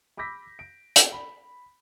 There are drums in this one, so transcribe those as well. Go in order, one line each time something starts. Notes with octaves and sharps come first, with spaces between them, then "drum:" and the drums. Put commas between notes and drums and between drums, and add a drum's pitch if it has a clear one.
B5 D6 E6 G6 A#6 B6
D7
drum: hi-hat
B5